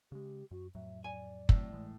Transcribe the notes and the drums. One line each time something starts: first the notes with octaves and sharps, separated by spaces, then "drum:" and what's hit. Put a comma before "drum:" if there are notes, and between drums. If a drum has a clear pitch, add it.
C#3 G#3 G4
F#2 F#4
F2 A2 F#3 E5
D5 G#5
A2 F#3 C4, drum: kick
E3 G#3